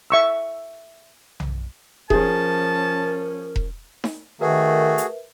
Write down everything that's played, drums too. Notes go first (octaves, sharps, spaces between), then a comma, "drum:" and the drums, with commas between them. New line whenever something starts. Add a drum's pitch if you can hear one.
E5 C#6 E6
drum: tom B1
F3 C#4 G#4 A#4 A5, drum: kick E1
drum: kick E1
drum: snare D#4
D#3 A3 F#4 G#4 A#4 B4 E5
drum: hi-hat